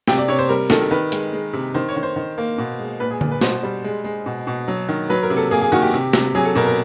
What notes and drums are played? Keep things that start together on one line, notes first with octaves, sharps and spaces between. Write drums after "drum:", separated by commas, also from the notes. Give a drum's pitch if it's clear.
C3 G5, drum: snare
D5
C3 C#5
C5
G3 A#4
D#3 A4, drum: snare
D#3 B4
G#3, drum: hi-hat
G#3
C3
D#3 C5
C#5
D#3
C5
D#3
A#3
B2
G#3
A#2 B4
G#4
A#2, drum: tom D3
B4
B2 C5, drum: snare
G3
G#3
G#3
B2
B2
F#3
D#3
F#3 B4
A#4
C3
A4
A#3 G#4
G#4
D#3 F#4
G4
C3
C3, drum: snare
F#3 G#4
A4
B2 A#4
A#4